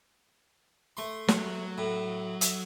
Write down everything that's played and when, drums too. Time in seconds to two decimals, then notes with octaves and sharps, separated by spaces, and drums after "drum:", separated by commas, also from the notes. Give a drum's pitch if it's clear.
0.97 A3 C6
1.28 F#3, drum: snare
1.78 A2
2.41 E5 D#6, drum: hi-hat